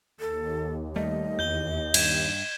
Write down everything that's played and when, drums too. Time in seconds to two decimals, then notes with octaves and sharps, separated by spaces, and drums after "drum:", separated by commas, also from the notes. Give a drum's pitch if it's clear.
0.20 D#2 A4
0.96 G3 A3 D#5
1.39 E2 G6 G7
1.94 G2 G#6 E7, drum: cymbal